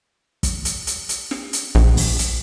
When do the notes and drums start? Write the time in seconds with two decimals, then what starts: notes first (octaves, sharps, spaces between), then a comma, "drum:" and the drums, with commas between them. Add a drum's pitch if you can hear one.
0.43 drum: kick, hi-hat
0.65 drum: hi-hat
0.87 drum: hi-hat
1.09 drum: hi-hat
1.31 drum: snare
1.53 drum: hi-hat
1.75 A#1, drum: snare
1.97 drum: kick, open hi-hat
2.19 drum: hi-hat